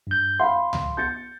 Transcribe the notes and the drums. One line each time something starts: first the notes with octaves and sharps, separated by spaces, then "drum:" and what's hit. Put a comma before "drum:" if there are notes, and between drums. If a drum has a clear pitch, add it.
G2 G6
F5 B5 C6
drum: tom C#2
G6 A6 C#7